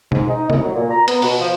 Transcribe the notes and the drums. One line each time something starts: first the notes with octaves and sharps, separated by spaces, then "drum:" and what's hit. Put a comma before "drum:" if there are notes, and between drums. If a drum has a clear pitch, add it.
G#2, drum: tom B2
D#4
C2, drum: tom C3
F#3
A#2
A#5
B3, drum: hi-hat
B2, drum: open hi-hat
F3